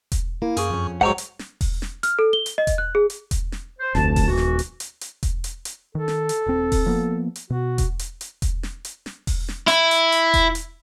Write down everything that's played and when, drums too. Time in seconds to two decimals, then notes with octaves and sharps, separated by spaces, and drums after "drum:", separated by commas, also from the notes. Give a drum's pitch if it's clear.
0.12 drum: kick E1, hi-hat
0.42 A#3 E4
0.57 F#2 G#4 C#6, drum: hi-hat
0.70 F2 C#4
1.01 A#1 G#2 F#3 F#5 G5 A#5 C#6
1.18 drum: hi-hat
1.39 drum: snare
1.61 drum: kick E1, open hi-hat
1.82 drum: snare
2.03 F6, drum: hi-hat
2.19 A4
2.33 G7
2.46 drum: hi-hat
2.58 D#5
2.67 drum: kick E1, hi-hat
2.78 F#6
2.95 G#4
3.10 drum: hi-hat
3.31 drum: kick E1, hi-hat
3.52 drum: snare
3.79 C5
3.95 F1 D2 A5, drum: snare
4.16 drum: kick E1, open hi-hat
4.28 D#1 E3 F#4
4.37 drum: snare
4.59 drum: hi-hat
4.80 drum: hi-hat
5.01 drum: hi-hat
5.23 drum: kick E1, hi-hat
5.44 drum: hi-hat
5.65 drum: hi-hat
5.95 D#3 A4
6.08 drum: snare
6.29 drum: hi-hat
6.46 D#1 C4
6.72 drum: kick E1, open hi-hat
6.86 F3 A#3 B3
7.36 drum: hi-hat
7.50 B2 F#4
7.78 drum: kick E1, hi-hat
7.99 drum: hi-hat
8.21 drum: hi-hat
8.42 drum: kick E1, hi-hat
8.63 drum: snare
8.85 drum: hi-hat
9.06 drum: snare
9.27 drum: kick E1, open hi-hat
9.48 drum: snare
9.68 E4, drum: hi-hat
9.91 drum: hi-hat
10.12 drum: hi-hat
10.34 drum: kick E1, hi-hat
10.55 drum: hi-hat